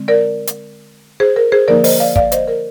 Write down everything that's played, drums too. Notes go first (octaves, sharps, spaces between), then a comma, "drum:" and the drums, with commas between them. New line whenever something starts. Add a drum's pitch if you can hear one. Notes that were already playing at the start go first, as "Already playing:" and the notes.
Already playing: D3 G#3 C4
A#4 D5
drum: hi-hat
G#4 C5
A#4
G#4 C5
D3 F3 A#3 D#4 A#4 D5
C5 D#5, drum: open hi-hat
D5 F5
D5 F5, drum: kick
C5 D#5, drum: hi-hat
A#4